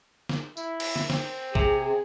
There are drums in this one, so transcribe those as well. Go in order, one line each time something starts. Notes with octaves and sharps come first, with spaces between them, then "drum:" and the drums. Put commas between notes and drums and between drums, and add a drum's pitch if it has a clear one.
drum: snare
E4, drum: tambourine
drum: cymbal
drum: snare
C4, drum: snare
C3 G#4, drum: kick